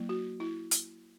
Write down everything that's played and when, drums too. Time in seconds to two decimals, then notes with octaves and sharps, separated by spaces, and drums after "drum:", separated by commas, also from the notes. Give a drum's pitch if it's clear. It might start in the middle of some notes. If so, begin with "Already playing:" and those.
Already playing: F#3 A#3 E4
0.09 F#4
0.40 E4
0.71 drum: hi-hat